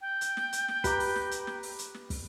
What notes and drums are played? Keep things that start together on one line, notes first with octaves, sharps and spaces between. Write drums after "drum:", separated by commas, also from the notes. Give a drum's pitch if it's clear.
G5
drum: hi-hat
drum: snare
drum: hi-hat
drum: snare
G4 B4 A#5 D6, drum: kick, hi-hat
drum: open hi-hat
drum: snare
drum: hi-hat
drum: snare
drum: open hi-hat
drum: hi-hat
drum: snare
drum: kick, open hi-hat